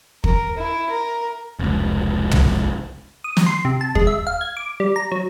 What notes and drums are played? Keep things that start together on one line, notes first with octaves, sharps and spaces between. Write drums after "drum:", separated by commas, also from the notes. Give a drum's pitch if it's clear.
A#4, drum: kick
E4
A#4
F1 C#2
drum: tom
D#6
drum: snare
C6
C3
A5
G#3, drum: kick
E5
F5
G#6
D6
G3
A#5
F#3